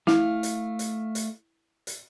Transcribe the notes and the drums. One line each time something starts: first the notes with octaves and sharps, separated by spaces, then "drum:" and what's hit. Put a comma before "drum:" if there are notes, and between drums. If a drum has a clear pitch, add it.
A3 E4 F5, drum: snare
drum: hi-hat
drum: hi-hat
drum: hi-hat
drum: hi-hat